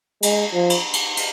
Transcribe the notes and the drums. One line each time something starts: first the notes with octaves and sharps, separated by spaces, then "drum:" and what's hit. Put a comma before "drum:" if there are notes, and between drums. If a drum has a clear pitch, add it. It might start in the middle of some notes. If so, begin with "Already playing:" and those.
G#3, drum: cymbal
F3
drum: cymbal
drum: cymbal
drum: cymbal